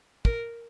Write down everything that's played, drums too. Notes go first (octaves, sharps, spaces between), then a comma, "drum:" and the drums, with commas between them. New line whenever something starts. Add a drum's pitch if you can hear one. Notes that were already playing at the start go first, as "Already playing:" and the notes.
A#4, drum: kick